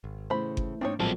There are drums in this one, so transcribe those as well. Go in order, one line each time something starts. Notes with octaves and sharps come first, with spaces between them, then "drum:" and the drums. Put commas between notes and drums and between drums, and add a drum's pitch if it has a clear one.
G#1
A2 C#3 E3 A3 C5 B5
drum: kick G1
G#2 A#3 C4 D4 D#4 C#5
A#1 A#2 F3 F#3 G#3 C4 F4 A4